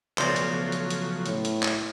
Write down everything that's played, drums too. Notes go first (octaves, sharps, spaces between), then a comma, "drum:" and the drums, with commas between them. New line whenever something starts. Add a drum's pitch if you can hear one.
B1 C#3 F3 F#3 A3 F#4 C5 D5, drum: clap
drum: hi-hat
drum: hi-hat
drum: hi-hat
A2, drum: hi-hat
drum: hi-hat
drum: clap